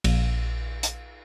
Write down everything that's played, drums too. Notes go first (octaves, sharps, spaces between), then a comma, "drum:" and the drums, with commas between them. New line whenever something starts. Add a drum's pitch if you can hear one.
A#1, drum: cymbal
drum: hi-hat